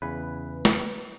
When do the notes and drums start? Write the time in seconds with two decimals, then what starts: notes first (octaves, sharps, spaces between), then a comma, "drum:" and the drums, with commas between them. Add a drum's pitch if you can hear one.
0.02 E2 C#3 B4
0.65 drum: snare